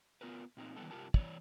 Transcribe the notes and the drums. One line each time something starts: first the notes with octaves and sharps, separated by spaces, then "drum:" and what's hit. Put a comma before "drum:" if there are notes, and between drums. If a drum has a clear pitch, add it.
B3 C4 F4 A#4 B4
A#2 C4 D#4
D#3 E3 G3 B3 A4
G2 C3 F4 G4 A#4 A5
E3 C#5 D5, drum: kick